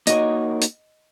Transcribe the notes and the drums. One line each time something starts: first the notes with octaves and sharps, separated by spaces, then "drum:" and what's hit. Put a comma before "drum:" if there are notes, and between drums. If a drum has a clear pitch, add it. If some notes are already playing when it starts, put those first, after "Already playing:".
A#3 D#4 F#4 A#4 C#5 D#5, drum: hi-hat
drum: hi-hat